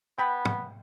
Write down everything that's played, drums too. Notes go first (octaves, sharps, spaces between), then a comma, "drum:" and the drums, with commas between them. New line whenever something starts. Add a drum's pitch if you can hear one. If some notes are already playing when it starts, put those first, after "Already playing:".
B3 G5 B5
drum: tom